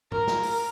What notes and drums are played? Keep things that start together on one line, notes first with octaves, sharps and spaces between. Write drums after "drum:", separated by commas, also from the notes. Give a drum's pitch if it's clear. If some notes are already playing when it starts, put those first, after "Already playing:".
A#4, drum: tom
drum: snare
drum: open hi-hat